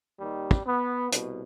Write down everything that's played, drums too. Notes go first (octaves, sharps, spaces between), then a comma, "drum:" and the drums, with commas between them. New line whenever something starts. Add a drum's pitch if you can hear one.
D#2 D#3 G3
drum: kick
B3
C2 B2, drum: hi-hat